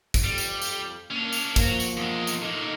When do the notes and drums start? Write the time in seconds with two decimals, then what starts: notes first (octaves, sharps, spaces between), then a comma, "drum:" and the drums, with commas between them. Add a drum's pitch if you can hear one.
0.14 drum: kick, tambourine
0.24 F2 G3
0.38 drum: tambourine
0.62 drum: tambourine
1.11 A#3 C#4 D4
1.33 drum: tambourine
1.56 F3 A#3 F#4 C#5, drum: kick, tambourine
1.80 drum: tambourine
1.97 E2 G#3
2.27 drum: tambourine
2.42 A2 A#3 D#4